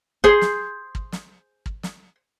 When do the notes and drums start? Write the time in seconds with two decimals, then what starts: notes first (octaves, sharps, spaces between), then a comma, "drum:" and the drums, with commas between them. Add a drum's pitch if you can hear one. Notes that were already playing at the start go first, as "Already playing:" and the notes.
0.24 G#4 C5, drum: kick
0.41 drum: snare
0.95 drum: kick
1.12 drum: snare
1.66 drum: kick
1.83 drum: snare